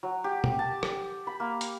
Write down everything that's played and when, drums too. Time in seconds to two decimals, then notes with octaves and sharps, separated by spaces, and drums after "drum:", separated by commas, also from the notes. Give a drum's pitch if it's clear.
0.03 F#3
0.24 G4
0.44 drum: tom
0.59 A5
0.83 drum: rim click
1.27 B5
1.40 A#3
1.61 drum: hi-hat